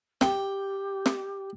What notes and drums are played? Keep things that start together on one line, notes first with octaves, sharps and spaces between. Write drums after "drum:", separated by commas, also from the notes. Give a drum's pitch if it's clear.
G4 G5, drum: snare
drum: snare